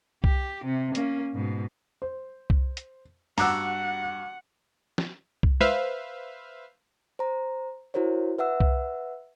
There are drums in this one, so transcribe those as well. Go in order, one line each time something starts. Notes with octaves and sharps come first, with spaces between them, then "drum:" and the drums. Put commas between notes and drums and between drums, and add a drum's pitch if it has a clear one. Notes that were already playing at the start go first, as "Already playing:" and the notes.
G4, drum: kick C2
C3
A#3 C#4, drum: hi-hat
G#2 B2
C5
drum: kick C2
drum: hi-hat
G2 F#4 F#5 A#5 D6 E6 F#6, drum: open hi-hat
drum: snare
drum: kick C2
B4 C5 E5 F5, drum: tom
C5 A#5
E4 F#4 A#4 C5 C#5
B4 E5 F#5 E6
drum: kick C2